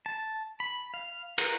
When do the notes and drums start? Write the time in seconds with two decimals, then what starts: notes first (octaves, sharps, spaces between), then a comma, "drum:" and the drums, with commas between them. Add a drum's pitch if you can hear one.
0.06 A5
0.60 B5
0.94 F5
1.38 A#4, drum: cymbal